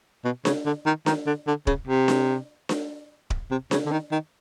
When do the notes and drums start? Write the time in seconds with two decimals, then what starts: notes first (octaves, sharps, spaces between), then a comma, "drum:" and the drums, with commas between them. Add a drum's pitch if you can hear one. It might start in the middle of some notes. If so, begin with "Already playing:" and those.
0.24 B2
0.45 C#3, drum: snare D4
0.66 D3
0.86 D#3
1.06 D#3, drum: snare D4
1.27 D3
1.47 D3
1.67 C#3, drum: kick D1
1.87 C3
2.08 drum: snare D4
2.69 drum: snare D4
3.30 drum: kick D1
3.51 C3
3.71 C#3, drum: snare D4
3.86 D3
3.91 D#3
4.12 D#3